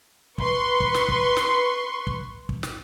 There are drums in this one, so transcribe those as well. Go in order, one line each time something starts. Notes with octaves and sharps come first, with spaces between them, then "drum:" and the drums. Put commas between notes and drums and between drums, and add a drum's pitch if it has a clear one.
B4 C6 C#6, drum: kick
drum: kick
drum: snare
drum: kick
drum: snare
drum: kick
drum: kick
drum: snare